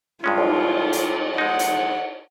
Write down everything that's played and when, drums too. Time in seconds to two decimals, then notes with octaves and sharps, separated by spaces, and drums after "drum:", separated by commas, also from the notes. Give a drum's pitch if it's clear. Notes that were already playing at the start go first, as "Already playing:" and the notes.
0.24 G2 G#3 C#4 F4
0.37 drum: cymbal
0.93 drum: hi-hat
1.38 G#3 D#4 F#5
1.59 drum: hi-hat